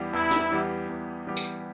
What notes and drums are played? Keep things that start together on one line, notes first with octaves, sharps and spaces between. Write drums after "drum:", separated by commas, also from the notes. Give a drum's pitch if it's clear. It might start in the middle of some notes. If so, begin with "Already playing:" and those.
Already playing: E2 E3 G3 B3 G4
E2 E4
drum: hi-hat
E3 G3 B3 G4
E2
E3 G3 B3 G4
drum: tambourine